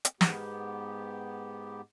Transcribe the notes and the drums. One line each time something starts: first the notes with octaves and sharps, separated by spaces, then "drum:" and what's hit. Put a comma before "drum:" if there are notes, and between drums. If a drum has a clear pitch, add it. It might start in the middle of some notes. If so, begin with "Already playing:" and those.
drum: hi-hat
G#2 B3 G4, drum: snare